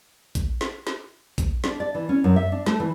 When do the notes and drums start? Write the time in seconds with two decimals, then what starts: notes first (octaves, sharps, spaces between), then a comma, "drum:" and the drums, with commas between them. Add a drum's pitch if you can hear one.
0.35 drum: kick A#1, hi-hat
0.61 drum: snare
0.87 drum: snare
1.38 drum: kick A#1, hi-hat
1.64 D4, drum: snare
1.80 D5
1.95 E3
2.09 C#4
2.24 F#2
2.36 E5
2.52 D4
2.66 A3, drum: snare
2.80 E3